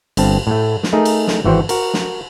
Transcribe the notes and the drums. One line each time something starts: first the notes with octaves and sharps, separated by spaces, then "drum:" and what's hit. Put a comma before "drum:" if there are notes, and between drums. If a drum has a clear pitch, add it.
G1 G2 C4 A5, drum: cymbal
A2 A3
drum: snare
A3 D#4 G#4 A#4
drum: cymbal
drum: snare
G#1 E3 F#4 C5 G5
F#4 A#4, drum: cymbal
drum: snare